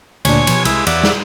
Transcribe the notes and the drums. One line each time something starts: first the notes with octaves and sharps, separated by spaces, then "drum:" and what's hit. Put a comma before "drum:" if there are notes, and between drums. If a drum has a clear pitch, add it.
D2 A#2 D4 C#5 G#5, drum: cymbal
B2 F3, drum: cymbal
C2 G#3 E4, drum: cymbal
E2 D5 E5 F#5, drum: cymbal
drum: snare